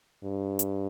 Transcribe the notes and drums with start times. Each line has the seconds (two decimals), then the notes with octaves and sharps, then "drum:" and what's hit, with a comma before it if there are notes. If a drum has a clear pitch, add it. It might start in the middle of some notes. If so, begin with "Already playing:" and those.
0.24 G2
0.59 drum: hi-hat